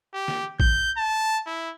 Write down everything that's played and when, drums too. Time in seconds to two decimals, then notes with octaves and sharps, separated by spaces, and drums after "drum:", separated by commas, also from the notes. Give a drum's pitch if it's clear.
0.14 G4
0.28 drum: snare
0.60 G6, drum: kick A1
0.97 A5
1.46 E4